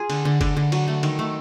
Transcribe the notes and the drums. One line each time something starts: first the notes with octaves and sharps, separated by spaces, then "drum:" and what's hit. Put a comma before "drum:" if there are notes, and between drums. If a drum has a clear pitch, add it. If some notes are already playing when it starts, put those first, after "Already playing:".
Already playing: F4 G#4
D3, drum: cymbal
D3
D3, drum: kick, cymbal
D3
F#3, drum: cymbal
A3
D#3, drum: cymbal
A3